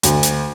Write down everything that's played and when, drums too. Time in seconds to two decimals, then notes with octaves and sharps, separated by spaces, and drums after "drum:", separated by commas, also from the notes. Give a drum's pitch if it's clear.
0.03 D2, drum: hi-hat
0.23 drum: hi-hat